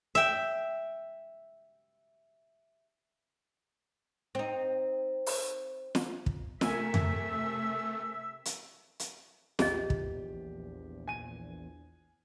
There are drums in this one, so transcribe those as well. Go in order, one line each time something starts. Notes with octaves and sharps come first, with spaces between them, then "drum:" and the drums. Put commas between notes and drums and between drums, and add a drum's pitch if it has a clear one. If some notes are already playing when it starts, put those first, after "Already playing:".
E5 G5
C4 D#4
drum: open hi-hat
drum: snare
drum: kick
C3 A3 A#4 E5 G#5 E6, drum: snare
drum: tom F2
drum: hi-hat
drum: hi-hat
A#1 E2 G4 G#4 D#5, drum: snare
drum: kick
G#5 D#7